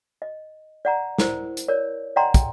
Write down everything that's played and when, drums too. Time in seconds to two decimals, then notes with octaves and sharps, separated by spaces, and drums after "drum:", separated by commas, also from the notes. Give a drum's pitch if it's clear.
0.22 D#5
0.85 D5 F#5 A#5
1.18 E4 A#4 C5, drum: snare
1.57 drum: hi-hat
1.68 A#4 C#5 D5
2.16 D5 D#5 F#5 G5 A#5 C6
2.34 drum: kick, hi-hat